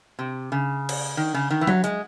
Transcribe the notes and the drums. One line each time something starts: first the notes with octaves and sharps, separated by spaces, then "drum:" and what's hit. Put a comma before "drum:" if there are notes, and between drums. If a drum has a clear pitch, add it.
C3
C#3
drum: cymbal
D#3
C#3
D#3
E3
F#3, drum: tom F#3
G#3, drum: hi-hat